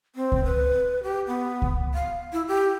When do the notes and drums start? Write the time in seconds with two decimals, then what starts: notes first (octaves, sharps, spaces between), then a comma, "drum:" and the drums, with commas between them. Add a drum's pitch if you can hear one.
0.16 C4
0.32 drum: kick C#2
0.45 B4
1.03 G4
1.27 B3
1.62 drum: kick C#2
1.94 F5
2.33 E4
2.48 G4